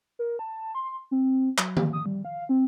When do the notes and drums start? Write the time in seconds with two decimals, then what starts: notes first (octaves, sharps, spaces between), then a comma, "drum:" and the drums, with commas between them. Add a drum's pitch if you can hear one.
0.19 A#4
0.39 A5
0.75 C6
1.11 C4
1.58 F#3, drum: clap
1.77 drum: tom D#3
1.93 D#6
2.06 G3
2.25 F5
2.49 C4